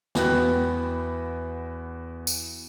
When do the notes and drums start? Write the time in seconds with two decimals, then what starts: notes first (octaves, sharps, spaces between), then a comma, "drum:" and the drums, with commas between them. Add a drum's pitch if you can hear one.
0.15 E2 B3 F#4 G5 F#6, drum: snare
2.27 drum: tambourine